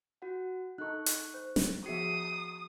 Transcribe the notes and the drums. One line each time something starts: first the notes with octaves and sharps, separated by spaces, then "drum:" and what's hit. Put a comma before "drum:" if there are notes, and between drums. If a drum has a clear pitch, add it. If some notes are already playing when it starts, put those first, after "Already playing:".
F#4 F#5
D#4 A4 C#6 F#6
drum: hi-hat
C5
drum: snare
F3 B3 F#4 G#4 E5 D#6 C7 C#7